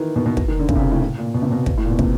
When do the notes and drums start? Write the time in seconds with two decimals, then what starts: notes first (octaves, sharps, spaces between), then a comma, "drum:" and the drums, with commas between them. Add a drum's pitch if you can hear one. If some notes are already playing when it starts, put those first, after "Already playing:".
Already playing: D#3 E3
0.16 B2
0.26 B2
0.37 drum: kick
0.48 D#3
0.59 D3
0.69 C#3, drum: kick
0.75 C3
0.79 C#3
0.91 A2
1.02 A2
1.18 A#2
1.34 B2
1.42 C3
1.52 B2
1.66 drum: kick
1.78 A2
1.85 A#2
1.91 B2
1.99 C3, drum: kick